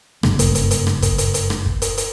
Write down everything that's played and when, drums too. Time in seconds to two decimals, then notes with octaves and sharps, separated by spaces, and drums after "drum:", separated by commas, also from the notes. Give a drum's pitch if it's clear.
0.23 F#1 G2 C#3 A#3, drum: rim click
0.39 drum: kick, hi-hat
0.55 drum: hi-hat
0.71 drum: hi-hat
0.87 drum: rim click
1.02 drum: kick, hi-hat
1.18 drum: hi-hat
1.34 drum: hi-hat
1.50 drum: rim click
1.66 drum: kick
1.82 drum: hi-hat
1.97 drum: hi-hat